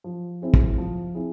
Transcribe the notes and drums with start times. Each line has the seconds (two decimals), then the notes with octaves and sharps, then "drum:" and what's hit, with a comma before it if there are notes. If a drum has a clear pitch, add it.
0.04 F3
0.42 C4 E4 G#4
0.54 drum: kick
0.78 F3
1.15 C4 E4 G#4